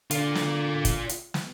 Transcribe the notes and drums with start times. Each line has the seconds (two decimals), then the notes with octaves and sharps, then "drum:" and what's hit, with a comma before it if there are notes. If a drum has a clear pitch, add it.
0.11 D3 F4 D5, drum: hi-hat
0.35 drum: snare
0.85 drum: kick, hi-hat
1.09 drum: hi-hat
1.34 drum: snare